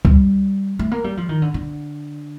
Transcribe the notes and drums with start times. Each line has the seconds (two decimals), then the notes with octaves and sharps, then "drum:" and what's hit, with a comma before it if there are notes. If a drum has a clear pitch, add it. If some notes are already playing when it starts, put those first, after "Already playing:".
0.05 G3, drum: kick C#2
0.79 A3
0.92 A#3
1.04 G3
1.17 F3
1.29 D#3
1.42 D3
1.54 D3